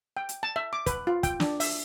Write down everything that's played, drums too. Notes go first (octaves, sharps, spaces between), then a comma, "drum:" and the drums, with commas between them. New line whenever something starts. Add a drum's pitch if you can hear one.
G5
drum: hi-hat
A5
E5
D6
B4, drum: kick, hi-hat
F4
G5, drum: kick, hi-hat
D4, drum: snare
E5, drum: open hi-hat